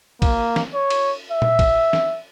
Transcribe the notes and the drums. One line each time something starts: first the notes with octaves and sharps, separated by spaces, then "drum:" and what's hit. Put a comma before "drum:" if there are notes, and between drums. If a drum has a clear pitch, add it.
A#3, drum: kick, cymbal
drum: snare
C#5
drum: cymbal
E5
drum: tom A#2
drum: kick, cymbal
drum: snare